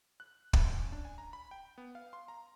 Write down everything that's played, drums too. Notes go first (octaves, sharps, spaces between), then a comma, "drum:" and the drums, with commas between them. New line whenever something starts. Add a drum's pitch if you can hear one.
F#6
F#2, drum: kick
C#4
D4
G#5
A#5
B5
G5
B3
F5
C6
A#5